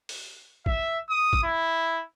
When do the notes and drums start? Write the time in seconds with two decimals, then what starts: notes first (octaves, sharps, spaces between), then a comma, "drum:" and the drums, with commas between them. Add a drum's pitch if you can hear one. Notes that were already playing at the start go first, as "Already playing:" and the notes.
0.09 drum: open hi-hat
0.66 E5, drum: kick
1.10 D#6
1.33 drum: kick
1.43 E4